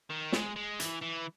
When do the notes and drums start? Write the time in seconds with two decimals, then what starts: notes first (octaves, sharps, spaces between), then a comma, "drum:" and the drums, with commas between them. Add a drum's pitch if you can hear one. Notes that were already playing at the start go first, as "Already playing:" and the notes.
0.10 D#3
0.32 G#3, drum: snare
0.56 G#3
0.80 E3, drum: hi-hat
1.02 E3